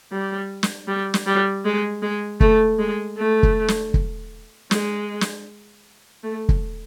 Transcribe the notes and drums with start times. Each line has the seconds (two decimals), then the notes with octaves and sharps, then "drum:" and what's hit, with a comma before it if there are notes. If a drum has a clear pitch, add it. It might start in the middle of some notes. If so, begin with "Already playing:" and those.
0.12 G3
0.63 drum: snare
0.88 G3
1.14 drum: snare
1.26 G3
1.65 G#3
2.02 G#3
2.40 A3, drum: kick
2.79 G#3
3.18 A3
3.43 drum: kick
3.68 drum: snare
3.94 drum: kick
4.71 G#3, drum: snare
5.21 drum: snare
6.23 A3
6.49 drum: kick